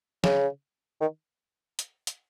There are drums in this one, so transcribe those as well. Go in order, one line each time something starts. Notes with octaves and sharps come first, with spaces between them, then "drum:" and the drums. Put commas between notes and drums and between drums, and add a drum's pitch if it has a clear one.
C#3, drum: snare
D#3
drum: hi-hat
drum: hi-hat